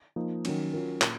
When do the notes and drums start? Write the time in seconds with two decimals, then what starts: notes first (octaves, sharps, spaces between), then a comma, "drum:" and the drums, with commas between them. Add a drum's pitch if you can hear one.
0.16 F3 A#3 D#4
0.45 D#3 F#3 C#4, drum: cymbal
0.73 F#3 C#4 F4 A#4
1.02 A#2, drum: clap